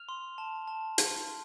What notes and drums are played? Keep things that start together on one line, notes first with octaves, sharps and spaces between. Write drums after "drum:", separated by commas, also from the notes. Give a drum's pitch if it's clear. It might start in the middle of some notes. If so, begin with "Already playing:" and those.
Already playing: F6 F7
C6
A5
A5
F6, drum: hi-hat
C6